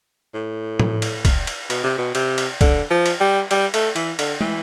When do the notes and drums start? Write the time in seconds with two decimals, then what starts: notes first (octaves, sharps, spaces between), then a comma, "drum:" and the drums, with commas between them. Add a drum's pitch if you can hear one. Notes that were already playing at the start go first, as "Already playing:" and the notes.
0.34 A2
0.80 drum: tom A2
1.02 drum: cymbal
1.25 drum: kick, cymbal
1.47 drum: cymbal
1.70 B2, drum: cymbal
1.84 C3
1.98 B2
2.15 C3, drum: cymbal
2.38 drum: cymbal
2.61 D3, drum: kick, cymbal
2.91 F3
3.06 drum: cymbal
3.21 G3
3.51 G3, drum: cymbal
3.74 A3, drum: cymbal
3.96 E3, drum: cymbal
4.19 D3, drum: cymbal
4.41 E3, drum: tom